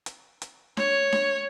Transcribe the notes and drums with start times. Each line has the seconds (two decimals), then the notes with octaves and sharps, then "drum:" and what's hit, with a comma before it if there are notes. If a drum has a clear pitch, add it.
0.06 drum: hi-hat
0.42 drum: hi-hat
0.77 C#5, drum: snare D4
1.12 drum: snare D4